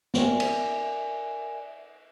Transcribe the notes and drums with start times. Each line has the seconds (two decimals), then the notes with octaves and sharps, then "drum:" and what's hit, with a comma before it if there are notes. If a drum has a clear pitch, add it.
0.14 A#4 D5 E5 G#5, drum: snare
0.40 drum: cymbal